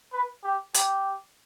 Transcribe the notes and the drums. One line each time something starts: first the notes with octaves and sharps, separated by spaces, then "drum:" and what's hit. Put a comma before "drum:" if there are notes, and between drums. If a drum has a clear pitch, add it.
B4
G4
G4, drum: hi-hat